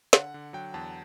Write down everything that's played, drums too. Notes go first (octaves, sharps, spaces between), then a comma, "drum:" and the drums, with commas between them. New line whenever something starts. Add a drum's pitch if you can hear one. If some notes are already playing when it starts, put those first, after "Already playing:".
D3 F#5, drum: snare
D3
F#3 G5
E2 A5